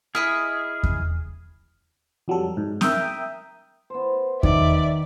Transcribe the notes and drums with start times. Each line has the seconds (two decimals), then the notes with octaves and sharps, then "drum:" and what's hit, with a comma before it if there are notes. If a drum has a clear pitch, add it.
0.15 E4 G#4 D#5 B5 F6
0.83 drum: kick E2
2.28 F2 F#3 G3 A4
2.57 G#2
2.81 A#4 E5 G5 D#6, drum: snare C4
3.90 B3 C5
4.43 D#3 D5 E5, drum: kick E2